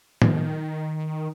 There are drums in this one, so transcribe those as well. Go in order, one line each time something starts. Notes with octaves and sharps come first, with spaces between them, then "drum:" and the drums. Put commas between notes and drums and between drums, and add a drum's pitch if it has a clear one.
D#3, drum: tom